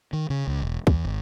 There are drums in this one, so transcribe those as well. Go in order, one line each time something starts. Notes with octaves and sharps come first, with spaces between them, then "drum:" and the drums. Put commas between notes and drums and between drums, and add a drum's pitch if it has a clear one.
D#3
C#3
C#2
E1
E2, drum: kick
G#1